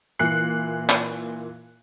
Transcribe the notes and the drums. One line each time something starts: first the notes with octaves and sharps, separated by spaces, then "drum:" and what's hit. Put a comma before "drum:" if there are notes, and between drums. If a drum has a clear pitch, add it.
A#2 E3 F#6 C7 C#7
drum: clap